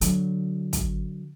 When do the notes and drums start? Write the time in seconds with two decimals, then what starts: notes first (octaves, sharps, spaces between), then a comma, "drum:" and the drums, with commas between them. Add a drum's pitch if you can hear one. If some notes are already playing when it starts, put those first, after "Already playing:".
0.01 D3 F#3, drum: hi-hat
0.73 drum: kick, hi-hat